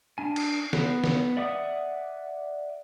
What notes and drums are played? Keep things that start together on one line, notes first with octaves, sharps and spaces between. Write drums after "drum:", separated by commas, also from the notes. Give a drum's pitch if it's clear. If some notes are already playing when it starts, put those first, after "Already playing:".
D4 G#5
drum: cymbal
B3, drum: snare
drum: snare
D5 E5 F#5 D6 D#6